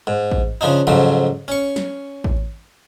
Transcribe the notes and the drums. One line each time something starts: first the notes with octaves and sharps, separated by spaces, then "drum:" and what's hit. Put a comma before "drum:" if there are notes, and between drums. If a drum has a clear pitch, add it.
G#2
drum: kick A1
C#3 F3 D4 D#4
F2 G#2 C#3 F3 F#3
C#4 C#6
drum: snare
drum: kick A1